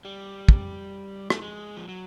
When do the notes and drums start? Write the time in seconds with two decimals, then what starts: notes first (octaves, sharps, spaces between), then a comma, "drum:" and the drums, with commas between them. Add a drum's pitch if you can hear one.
0.05 G3
0.49 drum: kick
1.30 A3, drum: rim click
1.41 G#3
1.76 F3
1.88 F#3